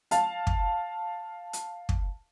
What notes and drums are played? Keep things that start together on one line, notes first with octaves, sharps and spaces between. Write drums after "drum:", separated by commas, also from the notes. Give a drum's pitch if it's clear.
F5 A5, drum: hi-hat
drum: kick
drum: hi-hat
drum: kick